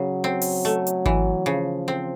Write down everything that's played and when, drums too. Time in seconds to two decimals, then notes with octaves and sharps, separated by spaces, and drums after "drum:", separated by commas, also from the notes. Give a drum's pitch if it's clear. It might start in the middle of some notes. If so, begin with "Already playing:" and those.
Already playing: C#3 F#3
0.24 C4
0.42 drum: open hi-hat
0.65 A3
0.87 drum: hi-hat
1.06 E3, drum: kick G#1
1.46 C#3 F3
1.88 C4